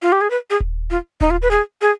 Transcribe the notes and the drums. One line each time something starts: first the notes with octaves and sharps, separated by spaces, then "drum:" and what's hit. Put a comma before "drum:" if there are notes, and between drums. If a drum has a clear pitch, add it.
F4
G4
G#4
B4
G#4
drum: kick D#1
F4
D#4, drum: kick D#1
F4
B4
G#4
G#4